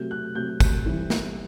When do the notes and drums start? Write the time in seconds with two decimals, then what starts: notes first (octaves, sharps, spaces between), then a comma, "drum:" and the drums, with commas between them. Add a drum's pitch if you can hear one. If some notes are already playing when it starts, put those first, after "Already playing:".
Already playing: C3 F#3 A3 G6
0.11 F#6
0.35 C3 F#3 A3 G6
0.60 drum: kick, tambourine
0.85 C3 E3 G3
1.10 drum: snare